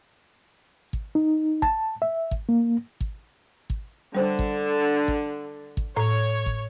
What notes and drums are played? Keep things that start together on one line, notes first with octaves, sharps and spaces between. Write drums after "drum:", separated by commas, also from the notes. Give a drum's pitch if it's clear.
drum: kick
D#4
A5, drum: kick
E5
drum: kick
A#3
drum: kick
drum: kick
D3 G3 C5
drum: kick
drum: kick
drum: kick
A2 C#5 A#5
drum: kick